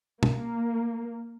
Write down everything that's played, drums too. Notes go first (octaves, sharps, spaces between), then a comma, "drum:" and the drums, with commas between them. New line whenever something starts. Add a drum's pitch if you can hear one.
A#3, drum: tom